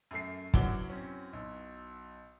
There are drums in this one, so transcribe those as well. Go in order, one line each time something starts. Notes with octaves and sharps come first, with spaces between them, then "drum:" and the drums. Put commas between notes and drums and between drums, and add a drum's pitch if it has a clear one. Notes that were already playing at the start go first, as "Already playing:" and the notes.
F#2 A3 C7
F#2 E3 F#3 F#5 D6 G7, drum: kick
C4 C#4
B1